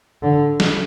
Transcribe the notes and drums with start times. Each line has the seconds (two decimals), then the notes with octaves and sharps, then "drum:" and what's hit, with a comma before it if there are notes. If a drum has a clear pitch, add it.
0.22 D3
0.60 drum: snare